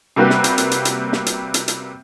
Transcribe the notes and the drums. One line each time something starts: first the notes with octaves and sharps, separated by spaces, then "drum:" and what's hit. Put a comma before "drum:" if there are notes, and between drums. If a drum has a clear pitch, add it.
C3 G3 A#3 F#4 G4 B4
drum: snare
drum: hi-hat
drum: hi-hat
drum: hi-hat
drum: hi-hat
drum: snare
drum: hi-hat
drum: hi-hat
drum: hi-hat